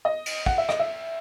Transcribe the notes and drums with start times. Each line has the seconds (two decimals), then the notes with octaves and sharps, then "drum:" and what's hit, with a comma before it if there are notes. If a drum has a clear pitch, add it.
0.05 D#5
0.26 drum: cymbal
0.46 F#5, drum: kick
0.58 E5
0.69 D#5, drum: rim click
0.79 E5